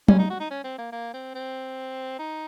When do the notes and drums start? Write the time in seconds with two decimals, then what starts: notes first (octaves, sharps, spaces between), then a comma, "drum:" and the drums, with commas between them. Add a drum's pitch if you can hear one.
0.08 C#4, drum: tom F#3
0.19 D#4
0.30 F#4
0.40 D#4
0.51 C#4
0.64 C4
0.78 A#3
0.92 A#3
1.14 C4
1.35 C4
2.19 D#4